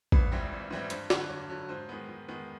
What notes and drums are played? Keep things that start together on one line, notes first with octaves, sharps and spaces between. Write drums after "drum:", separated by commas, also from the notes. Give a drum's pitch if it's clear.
G#1 B4, drum: kick
G#2 E3 G3 C4
G#1
G#2 E3 G3 C4
G2 C5, drum: hi-hat
D3 F#3, drum: snare
G2 C#5
D3 F#3
G#2 C5
D#3 G#3 B3
G#2
D#3 G#3 B3